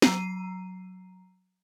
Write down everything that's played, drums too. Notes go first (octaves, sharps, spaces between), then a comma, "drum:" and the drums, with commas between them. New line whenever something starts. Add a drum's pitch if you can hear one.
F#3 A#5 C7 D#7, drum: snare